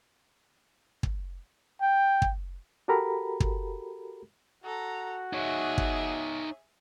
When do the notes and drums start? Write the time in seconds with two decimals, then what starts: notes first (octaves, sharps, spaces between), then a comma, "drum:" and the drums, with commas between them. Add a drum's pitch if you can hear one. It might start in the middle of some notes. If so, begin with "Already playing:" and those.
1.03 drum: kick
1.82 G5
2.22 drum: kick
2.88 F#4 G4 A4 A#4 A#5 B5
3.40 drum: kick
4.64 F#4 A4 A#5
5.33 D#4 G#4 C#5 E5
5.78 drum: kick